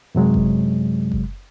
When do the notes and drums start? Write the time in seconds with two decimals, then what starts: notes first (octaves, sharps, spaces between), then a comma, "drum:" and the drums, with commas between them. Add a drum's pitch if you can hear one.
0.15 F#2 C3 F#3 G#3
0.34 drum: kick F#1
1.12 drum: kick F#1